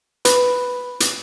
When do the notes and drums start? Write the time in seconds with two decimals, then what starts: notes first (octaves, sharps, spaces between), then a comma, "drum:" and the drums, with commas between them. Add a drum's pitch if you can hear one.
0.25 B4, drum: hi-hat
1.00 drum: hi-hat